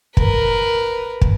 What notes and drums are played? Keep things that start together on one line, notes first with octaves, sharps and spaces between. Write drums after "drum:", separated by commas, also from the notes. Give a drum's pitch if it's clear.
A#4 B4, drum: kick
drum: kick